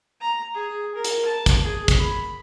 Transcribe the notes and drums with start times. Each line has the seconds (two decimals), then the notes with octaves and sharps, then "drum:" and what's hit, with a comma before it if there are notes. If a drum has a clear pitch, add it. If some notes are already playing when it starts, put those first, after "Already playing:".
0.21 A#5
0.54 G#4
0.95 A#4
1.04 drum: hi-hat
1.25 A5
1.46 drum: kick, hi-hat
1.64 G#4
1.88 drum: kick, hi-hat
1.99 B5